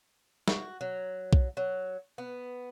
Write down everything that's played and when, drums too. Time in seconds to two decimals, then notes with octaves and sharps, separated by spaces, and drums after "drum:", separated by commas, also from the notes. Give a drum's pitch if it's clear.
0.48 F#4, drum: snare
0.81 F#3
1.33 drum: kick B1
1.57 F#3
2.18 B3